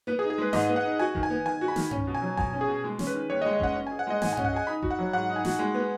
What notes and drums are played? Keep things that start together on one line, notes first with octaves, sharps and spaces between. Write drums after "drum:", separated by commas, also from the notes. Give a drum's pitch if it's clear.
B3 B4
G#4
D#4
G#4
G#3 B4
G#2 D#5, drum: snare
B3
F#5
D#4
F#4 G#5
D#3, drum: kick F#1
G#5
B3
D#3 G#5
F#4
B5
D#3, drum: snare
C#4, drum: tom G2
B2
G#5
F#3
B2 G#5, drum: kick F#1
C#4
G#4
B2
G#3
C#4, drum: snare
B4
D#3
D#2 C#5
D#5
G#3
D#5
C#4 F#5, drum: kick F#1
C#4
G#5
G#4
F#5
G#3 D#5
G#2 G#5, drum: snare
G#5
C#4, drum: tom G2
F#5
G#4 G#5
D#4 B5
F#4, drum: kick F#1
F#5
F#3
G#2 F#5
D#4
G#5
F#4, drum: snare
G#3
B3